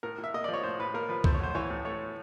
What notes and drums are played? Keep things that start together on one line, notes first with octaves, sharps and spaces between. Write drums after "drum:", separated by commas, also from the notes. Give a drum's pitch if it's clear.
A2 A#4
A2
E5
A#3 D#5
F3 D5
C#5
A2 C5
A2 B4
A#3 A#4
F3 B4
A3 C5, drum: kick C#2
C#5
B1 C5
C5
E3 C#5
A2
A3 C#5